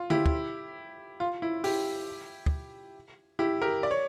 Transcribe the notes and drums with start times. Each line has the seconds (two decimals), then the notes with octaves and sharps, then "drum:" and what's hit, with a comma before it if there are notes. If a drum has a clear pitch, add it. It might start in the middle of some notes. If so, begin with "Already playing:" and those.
Already playing: F4
0.10 E4 G4, drum: tom D3
0.26 drum: kick
1.20 F4
1.42 E4
1.64 E4 G4, drum: open hi-hat
2.46 drum: kick
3.39 E4 G4
3.62 G4 A#4
3.83 D5
3.91 C#5